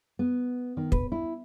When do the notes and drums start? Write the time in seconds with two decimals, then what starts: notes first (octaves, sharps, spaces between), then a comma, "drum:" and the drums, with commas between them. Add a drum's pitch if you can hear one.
0.19 B3
0.77 D#3
0.92 B4, drum: kick
1.12 E4